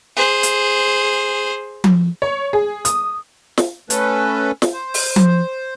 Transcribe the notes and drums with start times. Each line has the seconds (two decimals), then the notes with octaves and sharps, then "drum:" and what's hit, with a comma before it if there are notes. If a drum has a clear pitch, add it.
0.16 G#4 C5
0.43 drum: hi-hat
1.84 drum: tom F3
2.22 C#5
2.53 G#4
2.85 D#6, drum: hi-hat
3.58 drum: snare
3.90 A3 C#4 A4 B4, drum: hi-hat
4.62 drum: snare
4.73 C5
4.94 drum: open hi-hat
5.16 drum: tom F3